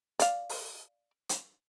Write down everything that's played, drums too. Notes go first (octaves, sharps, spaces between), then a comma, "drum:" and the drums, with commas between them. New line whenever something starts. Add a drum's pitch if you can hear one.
D5 F5, drum: hi-hat
drum: open hi-hat
drum: hi-hat